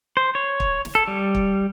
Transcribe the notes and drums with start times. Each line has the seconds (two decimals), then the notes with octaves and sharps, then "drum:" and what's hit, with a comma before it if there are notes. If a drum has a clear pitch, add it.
0.17 C5
0.35 C#5
0.60 drum: kick
0.85 drum: snare
0.95 A4
1.07 G3
1.35 drum: kick